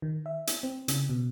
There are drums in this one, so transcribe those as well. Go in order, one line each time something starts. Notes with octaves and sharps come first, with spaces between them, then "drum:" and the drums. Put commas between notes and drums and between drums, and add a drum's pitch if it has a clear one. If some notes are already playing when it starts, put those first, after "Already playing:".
D#3
E5
drum: hi-hat
C4
C#3, drum: hi-hat
B2